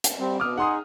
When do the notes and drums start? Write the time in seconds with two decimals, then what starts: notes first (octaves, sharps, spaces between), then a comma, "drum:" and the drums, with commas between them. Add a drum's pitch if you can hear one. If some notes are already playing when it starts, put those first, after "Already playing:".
0.04 drum: hi-hat
0.20 G3 C4
0.40 B2 D6 D#6 F6
0.57 D#4 G#4 F#5 C6 D#6